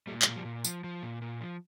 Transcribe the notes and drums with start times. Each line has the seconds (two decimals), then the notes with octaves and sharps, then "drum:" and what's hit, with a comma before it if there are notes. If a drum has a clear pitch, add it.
0.07 A#2 G3 A3
0.22 F#3 G#3, drum: clap
0.26 A#2
0.36 F3 G3
0.45 A#2
0.64 F3, drum: tambourine
0.84 F3
1.03 A#2
1.22 A#2
1.41 F3